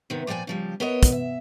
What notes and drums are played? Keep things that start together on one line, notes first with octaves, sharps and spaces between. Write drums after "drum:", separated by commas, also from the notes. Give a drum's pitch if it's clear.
C3 D#3 B3
A#2 F3 D5 G5 G#5
C#3 F3 G3
B3 A#4 C#5 D#5
drum: kick, hi-hat
E5